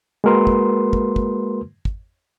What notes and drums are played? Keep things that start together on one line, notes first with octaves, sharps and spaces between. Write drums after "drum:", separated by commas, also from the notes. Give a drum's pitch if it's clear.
G#3 A#3 F#4 A#4 B4 C6
drum: kick
drum: kick
drum: kick
drum: kick